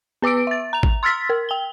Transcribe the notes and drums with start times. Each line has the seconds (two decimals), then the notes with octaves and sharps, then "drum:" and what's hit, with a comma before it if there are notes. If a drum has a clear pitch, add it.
0.22 B3 B4 D6 E6 D7
0.47 E5 A6
0.73 A#5 F7
0.83 drum: kick
1.03 C6 E6 F6 A6 B6
1.29 A#4
1.49 G5 G7